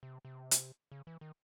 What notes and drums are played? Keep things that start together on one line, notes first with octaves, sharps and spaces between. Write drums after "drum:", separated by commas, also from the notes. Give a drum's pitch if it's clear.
C3
C3
drum: hi-hat
C#3
E3
D#3